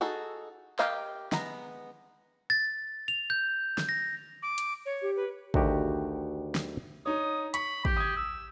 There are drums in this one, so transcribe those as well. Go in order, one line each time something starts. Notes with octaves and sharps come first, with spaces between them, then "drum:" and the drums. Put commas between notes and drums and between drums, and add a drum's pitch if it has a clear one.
D#4 F#4 G#4 A4
G4 A#4 D#5 F5, drum: clap
G#3 B3 A#5, drum: snare
A6
F7
G6
drum: snare
A#6
D6
drum: hi-hat
C#5
G4
B4
D2 D#3 F#4 G4, drum: kick
drum: snare
D#4 C#5 D#6
B5 C#6, drum: hi-hat
G4, drum: kick
D#6 G#6
E6